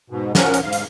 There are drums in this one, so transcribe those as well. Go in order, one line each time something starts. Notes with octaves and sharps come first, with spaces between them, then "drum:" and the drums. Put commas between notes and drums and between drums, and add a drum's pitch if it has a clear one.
G#2 B2
F3 C#4 A#4 F#5, drum: snare
drum: hi-hat
G#2 F5
drum: hi-hat